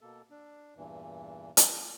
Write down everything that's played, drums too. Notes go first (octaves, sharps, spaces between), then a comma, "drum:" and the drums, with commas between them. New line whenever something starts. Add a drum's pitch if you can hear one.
B2 A#3 A4
D4
E2 G2 A#2 E3
drum: hi-hat